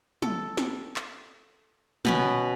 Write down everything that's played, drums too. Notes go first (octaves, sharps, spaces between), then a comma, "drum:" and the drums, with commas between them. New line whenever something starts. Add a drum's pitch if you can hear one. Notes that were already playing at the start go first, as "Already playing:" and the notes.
A4, drum: tom
drum: snare
drum: clap
B2 B3 C#4, drum: tom